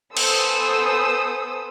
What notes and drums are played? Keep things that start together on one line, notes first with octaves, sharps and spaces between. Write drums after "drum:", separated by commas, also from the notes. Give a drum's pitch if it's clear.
B3 A4 C5 G#5 D#6 E6, drum: cymbal